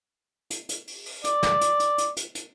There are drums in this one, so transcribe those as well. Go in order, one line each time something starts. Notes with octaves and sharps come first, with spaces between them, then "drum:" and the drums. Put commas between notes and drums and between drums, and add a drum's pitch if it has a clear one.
drum: hi-hat
drum: hi-hat
drum: open hi-hat
drum: open hi-hat
D5, drum: hi-hat
drum: snare
drum: hi-hat
drum: hi-hat
drum: hi-hat
drum: hi-hat
drum: hi-hat